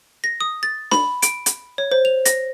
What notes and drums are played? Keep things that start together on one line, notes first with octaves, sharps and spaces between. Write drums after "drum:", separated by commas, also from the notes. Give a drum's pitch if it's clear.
A#6
D#6
A6
B5, drum: snare
D7, drum: hi-hat
drum: hi-hat
C#5
C5
F7
A#6, drum: hi-hat